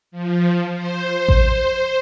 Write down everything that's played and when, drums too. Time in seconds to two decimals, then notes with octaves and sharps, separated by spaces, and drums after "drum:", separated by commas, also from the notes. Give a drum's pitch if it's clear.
0.11 F3
0.75 C5
1.28 drum: kick A1